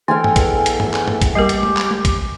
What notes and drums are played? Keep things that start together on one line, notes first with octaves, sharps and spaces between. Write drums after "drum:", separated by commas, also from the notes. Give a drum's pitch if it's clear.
E3 A4 F5 G5 G#5
drum: tom G2
E2, drum: kick, hi-hat
drum: hi-hat
drum: tom G2
drum: clap
drum: tom G2
drum: kick, hi-hat
G3 A#3 G4 A#4
drum: hi-hat
drum: tom
drum: clap
drum: tom
drum: kick, hi-hat